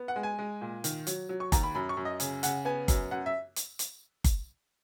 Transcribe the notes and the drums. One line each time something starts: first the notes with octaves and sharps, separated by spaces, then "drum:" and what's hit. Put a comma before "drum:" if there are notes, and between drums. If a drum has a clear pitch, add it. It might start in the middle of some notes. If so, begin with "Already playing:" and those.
Already playing: B3
F#5
G#3
G#5
G#3
A#2
D#3, drum: hi-hat
F#3, drum: hi-hat
F#3
C#6
D#2 A#5, drum: kick G1, hi-hat
B5
F#2 B5
C#6
F#2
D#5
C#3, drum: hi-hat
C#3 F#5, drum: hi-hat
B3 G#5
F#2, drum: kick G1, hi-hat
F#2 F#5
E5
drum: hi-hat
drum: hi-hat
drum: kick G1, hi-hat